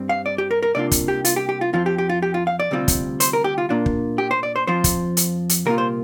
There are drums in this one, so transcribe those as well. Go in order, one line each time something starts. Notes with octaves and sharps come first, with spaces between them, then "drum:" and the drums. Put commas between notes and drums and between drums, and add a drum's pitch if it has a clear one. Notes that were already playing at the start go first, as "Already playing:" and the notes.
Already playing: G2 G3 C4
F5
D5
G4
A#4
A#4
C2 C3 A#3 D4 F4 D5
drum: kick, hi-hat
G4
F4, drum: hi-hat
G4
G4
F4
F2 F3 C4 F4
G4
G4
F4
G4
F4
F5
D5
D2 C3 G3 C4 F4
drum: kick, hi-hat
C5, drum: hi-hat
A#4
G4
F4
A#2 A#3 D4 F4
drum: kick
G4
C5
D5
C5
F2 F3 C4 F4 C5
drum: kick, hi-hat
drum: hi-hat
drum: hi-hat
C2 A#2 A#3 F4 A#4
C5